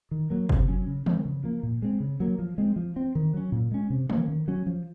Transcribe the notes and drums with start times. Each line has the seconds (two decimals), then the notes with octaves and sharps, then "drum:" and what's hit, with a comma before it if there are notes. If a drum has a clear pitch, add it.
0.11 D#3
0.30 F#3 A#3
0.49 C3, drum: kick
0.68 F#3 C#4
0.87 C#3
1.06 F3 G#3 C4, drum: tom
1.25 C#3
1.44 F3 A#3
1.63 A#2
1.82 G#3 C4
2.00 C#3
2.20 F#3 A#3
2.39 F3
2.58 G#3 C4
2.76 F3
2.96 C4
3.15 D#3
3.34 F#3 C#4
3.52 A#2
3.71 G#3 C#4
3.90 C3
4.10 F3 A#3 C#4, drum: tom
4.28 D#3
4.48 F#3 C#4
4.66 F3